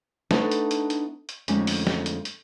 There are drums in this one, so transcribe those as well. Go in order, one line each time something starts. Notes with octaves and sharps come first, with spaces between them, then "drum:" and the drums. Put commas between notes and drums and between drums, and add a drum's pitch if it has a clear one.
A3 B3 D4 D#4 A4, drum: snare
drum: hi-hat
drum: hi-hat
drum: hi-hat
drum: hi-hat
F2 D3 G#3 A3 C#4 D#4, drum: hi-hat
drum: open hi-hat
drum: snare
drum: hi-hat
drum: hi-hat